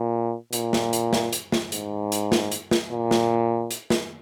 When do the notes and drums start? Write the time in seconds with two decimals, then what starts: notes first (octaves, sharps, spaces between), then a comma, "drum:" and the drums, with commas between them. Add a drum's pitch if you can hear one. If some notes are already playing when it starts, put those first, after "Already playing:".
Already playing: A#2
0.53 A#2, drum: hi-hat
0.73 drum: snare
0.93 drum: hi-hat
1.13 drum: snare
1.33 drum: hi-hat
1.52 drum: snare
1.72 G#2, drum: hi-hat
2.12 drum: hi-hat
2.32 drum: snare
2.52 drum: hi-hat
2.71 drum: snare
2.92 A#2
3.11 drum: snare
3.71 drum: hi-hat
3.90 drum: snare